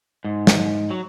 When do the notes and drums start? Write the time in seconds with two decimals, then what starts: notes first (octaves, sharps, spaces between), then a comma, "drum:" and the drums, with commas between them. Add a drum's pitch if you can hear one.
0.24 G#2
0.47 drum: snare
0.91 F#3